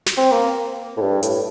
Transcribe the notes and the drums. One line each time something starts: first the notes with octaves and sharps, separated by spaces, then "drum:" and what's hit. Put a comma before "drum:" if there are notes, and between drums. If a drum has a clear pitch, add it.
drum: snare
C4
A#3
A2
G2
A2, drum: hi-hat